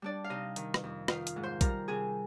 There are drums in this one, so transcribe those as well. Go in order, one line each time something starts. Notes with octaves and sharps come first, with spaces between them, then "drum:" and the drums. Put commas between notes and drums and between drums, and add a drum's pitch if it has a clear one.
G3 D4 D5
F5
C3 D#4 D#5
D#3, drum: hi-hat
drum: rim click
F2
D#3 F4 F5, drum: rim click
drum: hi-hat
G#2
C5 C6
G3 A#4 A#5, drum: kick, hi-hat
C3 G#4 G#5